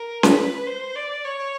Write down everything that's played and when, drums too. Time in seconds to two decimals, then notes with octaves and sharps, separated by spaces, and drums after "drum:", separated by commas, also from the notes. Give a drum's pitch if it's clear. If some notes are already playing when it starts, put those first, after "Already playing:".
Already playing: A#4
0.23 B4, drum: snare C#4
0.67 C5
0.96 D5
1.25 C#5